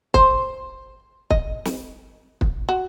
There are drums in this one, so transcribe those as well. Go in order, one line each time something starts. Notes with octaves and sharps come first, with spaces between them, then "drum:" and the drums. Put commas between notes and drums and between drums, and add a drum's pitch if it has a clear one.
C5, drum: kick
D#5, drum: kick
drum: snare
drum: kick
F#4